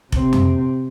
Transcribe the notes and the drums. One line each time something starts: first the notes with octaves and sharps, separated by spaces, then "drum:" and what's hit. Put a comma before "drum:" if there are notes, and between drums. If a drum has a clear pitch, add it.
C3 C4, drum: kick F1
drum: tom F2